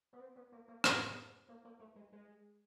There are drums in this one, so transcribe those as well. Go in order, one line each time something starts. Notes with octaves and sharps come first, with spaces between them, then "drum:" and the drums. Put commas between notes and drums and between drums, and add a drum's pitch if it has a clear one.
B3
C4
B3
A#3
A#3
B3, drum: rim click
A#3
A#3
A3
G#3
G#3